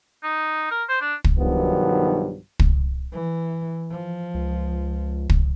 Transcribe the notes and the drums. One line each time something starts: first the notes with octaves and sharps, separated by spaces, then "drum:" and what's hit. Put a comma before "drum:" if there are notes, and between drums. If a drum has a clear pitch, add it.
D#4
A#4
C5
D4
drum: kick
B1 G2 D#3 F3 F#3 B3
drum: kick
E3
F3
C#2
drum: kick